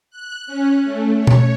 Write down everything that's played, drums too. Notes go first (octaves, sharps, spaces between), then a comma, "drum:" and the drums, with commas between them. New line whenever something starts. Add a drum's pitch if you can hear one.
F#6
C#4
A3
C#5
drum: tom